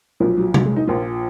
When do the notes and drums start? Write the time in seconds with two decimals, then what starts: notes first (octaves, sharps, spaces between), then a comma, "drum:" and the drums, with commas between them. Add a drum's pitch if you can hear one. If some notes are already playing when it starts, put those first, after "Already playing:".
0.20 B1 A#2 F3
0.37 F#3
0.54 F#3, drum: tom C3
0.65 G#3
0.76 D#4
0.87 A#1 A#2 F3 F4